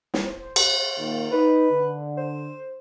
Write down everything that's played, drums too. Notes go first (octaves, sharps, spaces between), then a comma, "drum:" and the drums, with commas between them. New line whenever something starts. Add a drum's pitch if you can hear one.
drum: snare
C5
drum: cymbal
A#2 D#3 A#3
D#4 B4
D3
C5